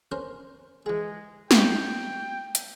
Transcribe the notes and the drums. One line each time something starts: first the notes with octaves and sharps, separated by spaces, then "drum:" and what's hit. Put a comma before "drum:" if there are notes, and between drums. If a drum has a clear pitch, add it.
C#4 A#4 C5
E3 G#3 G#4
G5, drum: snare
drum: hi-hat